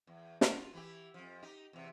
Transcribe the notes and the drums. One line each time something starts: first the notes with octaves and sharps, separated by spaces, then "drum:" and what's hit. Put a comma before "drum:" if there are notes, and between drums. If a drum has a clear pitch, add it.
E2
F4 F#4, drum: snare
E3 E4 G4
F2 F3
D#4 G4
E2 C3